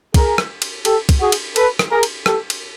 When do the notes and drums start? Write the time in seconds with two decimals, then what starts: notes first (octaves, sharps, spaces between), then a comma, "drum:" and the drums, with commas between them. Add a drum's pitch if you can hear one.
0.14 G#4 A#4, drum: kick, cymbal
0.38 drum: rim click
0.62 drum: cymbal
0.85 G4 A4, drum: cymbal
1.09 drum: kick, cymbal
1.21 F#4 G#4
1.32 drum: cymbal
1.56 A4 B4, drum: cymbal
1.79 drum: rim click
1.91 G#4 A#4
2.03 drum: cymbal
2.26 G4 A4, drum: rim click
2.50 drum: cymbal